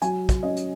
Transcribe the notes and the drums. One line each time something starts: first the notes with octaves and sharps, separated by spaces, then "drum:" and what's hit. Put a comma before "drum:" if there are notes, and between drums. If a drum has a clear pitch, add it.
F#3 G#5, drum: hi-hat
drum: kick, hi-hat
C#4 D#5
drum: hi-hat